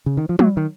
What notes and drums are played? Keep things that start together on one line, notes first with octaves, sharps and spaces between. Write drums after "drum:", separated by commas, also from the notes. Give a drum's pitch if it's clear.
C#3
D#3
F3
F#3, drum: tom
D#3